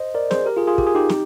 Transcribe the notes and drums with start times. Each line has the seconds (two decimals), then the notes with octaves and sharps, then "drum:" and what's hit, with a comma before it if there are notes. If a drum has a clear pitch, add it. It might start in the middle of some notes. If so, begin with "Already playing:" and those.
Already playing: C5 D#5
0.15 A#4 D5
0.31 G#4 C5, drum: snare
0.46 G4 A#4
0.57 F4 G#4
0.67 F4 G#4
0.78 G4, drum: kick
0.87 G#4
0.95 D#4 G4
1.09 drum: snare